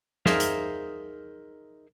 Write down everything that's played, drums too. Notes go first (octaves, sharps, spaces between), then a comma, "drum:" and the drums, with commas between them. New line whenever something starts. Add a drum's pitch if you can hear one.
D#4 G#4 A#4 C5 E5 F5, drum: snare
drum: hi-hat